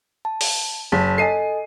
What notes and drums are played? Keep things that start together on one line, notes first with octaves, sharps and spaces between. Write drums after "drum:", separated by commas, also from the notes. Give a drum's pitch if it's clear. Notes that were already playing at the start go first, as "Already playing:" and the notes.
A5
drum: open hi-hat
F#1 A5 A6 B6
A4 D#5 G#5 C7 D#7